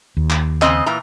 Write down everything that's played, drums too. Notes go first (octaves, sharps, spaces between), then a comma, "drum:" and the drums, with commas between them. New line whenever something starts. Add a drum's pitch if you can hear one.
D#2
drum: clap
C#3 C4 D#5, drum: clap
A#2 E3 A#5